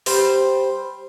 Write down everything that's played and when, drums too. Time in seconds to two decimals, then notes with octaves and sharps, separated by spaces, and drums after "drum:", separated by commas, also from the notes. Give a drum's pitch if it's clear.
0.06 G3 C5, drum: open hi-hat